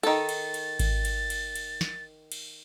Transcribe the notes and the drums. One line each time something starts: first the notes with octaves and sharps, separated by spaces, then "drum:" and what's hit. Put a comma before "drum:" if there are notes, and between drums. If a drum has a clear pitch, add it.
D#3 A4 A6, drum: cymbal
drum: cymbal
drum: cymbal
drum: kick G#1, cymbal
drum: cymbal
drum: cymbal
drum: cymbal
drum: snare
drum: cymbal